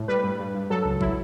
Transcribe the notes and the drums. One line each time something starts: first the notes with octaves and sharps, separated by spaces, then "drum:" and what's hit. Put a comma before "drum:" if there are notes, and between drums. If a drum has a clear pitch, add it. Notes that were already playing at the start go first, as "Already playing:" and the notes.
Already playing: A2
G3 B4
G2
G2
G2
F#3 A4
C#2
F#3 E4, drum: kick G#1